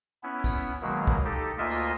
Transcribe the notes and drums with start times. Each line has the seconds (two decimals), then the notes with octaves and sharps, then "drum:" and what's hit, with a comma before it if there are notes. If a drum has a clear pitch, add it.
0.23 B3 C#4 E4
0.44 drum: kick, tambourine
0.82 B2 D#3 F#3 G#3 A#3
1.07 drum: kick
1.25 D#4 G4 A4
1.58 D2 A#3 F4 D#5 E5
1.71 drum: tambourine